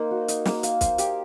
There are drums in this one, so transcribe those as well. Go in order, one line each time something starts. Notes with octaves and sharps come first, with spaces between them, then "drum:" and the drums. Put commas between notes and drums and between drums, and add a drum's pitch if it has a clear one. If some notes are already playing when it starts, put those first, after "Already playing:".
Already playing: A#3 D#4 C5
F#4
D#4, drum: hi-hat
A#3, drum: snare
F5, drum: hi-hat
C5, drum: kick, hi-hat
G4, drum: hi-hat